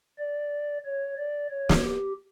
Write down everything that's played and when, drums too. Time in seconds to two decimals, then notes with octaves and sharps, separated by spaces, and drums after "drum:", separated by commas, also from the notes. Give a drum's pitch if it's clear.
0.19 D5
0.85 C#5
1.18 D5
1.50 C#5
1.69 drum: snare
1.83 G4